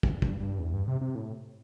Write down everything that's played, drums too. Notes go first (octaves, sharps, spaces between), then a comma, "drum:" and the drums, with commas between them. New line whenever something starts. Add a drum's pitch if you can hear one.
G2, drum: kick
G2, drum: kick
G2
E2
G2
C3
C3
A2